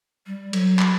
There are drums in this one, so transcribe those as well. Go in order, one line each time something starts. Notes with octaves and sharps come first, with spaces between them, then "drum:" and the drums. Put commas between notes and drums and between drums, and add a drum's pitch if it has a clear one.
G3
F#3, drum: cymbal
drum: clap